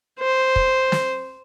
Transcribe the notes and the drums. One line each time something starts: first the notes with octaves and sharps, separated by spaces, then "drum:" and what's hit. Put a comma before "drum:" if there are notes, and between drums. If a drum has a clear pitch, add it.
C5
drum: kick
drum: snare